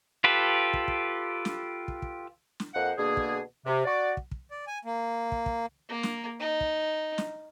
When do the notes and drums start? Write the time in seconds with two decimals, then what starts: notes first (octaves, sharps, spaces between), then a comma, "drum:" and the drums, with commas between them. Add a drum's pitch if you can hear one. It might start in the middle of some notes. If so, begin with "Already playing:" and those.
0.24 F4 G4 A4 B4
0.73 drum: kick
0.88 drum: kick
1.45 drum: snare
1.88 drum: kick
2.02 drum: kick
2.60 drum: snare
2.74 F2 A#3 C5 D#5 F#5
2.98 B2 D3 A#3 D4 G#4
3.17 drum: kick
3.66 C3
3.85 F#4 D5
4.17 drum: kick
4.31 drum: kick
4.51 D5
4.67 G#5
4.85 A#3
5.32 drum: kick
5.46 drum: kick
5.89 A#3
6.03 drum: snare
6.40 D#4
6.61 drum: kick
7.18 drum: snare